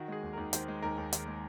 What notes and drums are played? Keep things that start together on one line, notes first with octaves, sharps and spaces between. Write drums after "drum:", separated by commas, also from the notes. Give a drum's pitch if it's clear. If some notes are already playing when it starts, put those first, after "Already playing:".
Already playing: D#3 F#4
G#3 G#4
D#2
D#2 A#4
D#3 C5, drum: hi-hat
G#3
D#2 A#4
D#2
D#3, drum: hi-hat
G#3